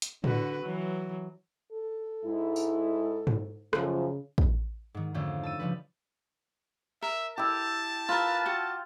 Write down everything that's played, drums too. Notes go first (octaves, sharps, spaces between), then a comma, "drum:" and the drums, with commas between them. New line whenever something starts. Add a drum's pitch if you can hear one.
drum: hi-hat
D3 F#4 B4, drum: tom A2
E3 F#3
A4
G#2 E4
drum: tambourine
drum: tom G#2
F#2 C#3 F3, drum: rim click
drum: kick
G#2 D#3
F2 G#2 D3 F3 A3 C#4
A5 E6 D#7
C#3 F3 G3 B4
A#4 E5
E4 G4 A5
F4 A#4 B4
F#4 G4